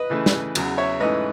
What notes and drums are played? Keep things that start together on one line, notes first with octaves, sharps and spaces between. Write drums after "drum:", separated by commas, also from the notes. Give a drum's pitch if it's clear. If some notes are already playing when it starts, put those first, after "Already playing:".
Already playing: B4 D#5
C#3 E3 A3
drum: snare
E2 C#3 F#3, drum: cymbal
C#5 E5
G#2 E3 A3 C#4 E4 B4 D#5